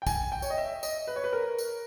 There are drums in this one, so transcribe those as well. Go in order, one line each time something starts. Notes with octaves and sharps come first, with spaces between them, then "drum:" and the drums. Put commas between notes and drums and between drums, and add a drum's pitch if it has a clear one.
G5
G#5, drum: kick, tambourine
G5
C#5, drum: tambourine
D#5
E5
D#5, drum: tambourine
B4
C#5
B4
A#4
drum: tambourine